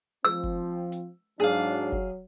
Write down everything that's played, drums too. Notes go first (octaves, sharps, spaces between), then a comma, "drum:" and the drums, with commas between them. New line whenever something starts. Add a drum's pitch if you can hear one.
F3 C4 E6
drum: kick
drum: hi-hat
G#2 F#3 D4 G#4 F5
drum: kick